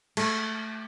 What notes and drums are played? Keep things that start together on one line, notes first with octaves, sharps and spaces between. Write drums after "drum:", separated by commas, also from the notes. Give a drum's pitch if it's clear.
A3, drum: cymbal